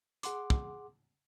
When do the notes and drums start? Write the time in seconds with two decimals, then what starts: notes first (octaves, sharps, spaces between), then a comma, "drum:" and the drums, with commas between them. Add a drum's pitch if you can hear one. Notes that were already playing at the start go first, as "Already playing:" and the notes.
0.23 G#4 F#5 C6 D6, drum: hi-hat
0.50 drum: kick